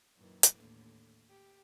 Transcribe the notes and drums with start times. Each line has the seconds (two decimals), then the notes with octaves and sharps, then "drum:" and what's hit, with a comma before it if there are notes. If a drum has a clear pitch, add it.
0.16 F#2 A#2 D#3 E3
0.43 drum: hi-hat
0.56 D#2 A2 D3
1.29 G4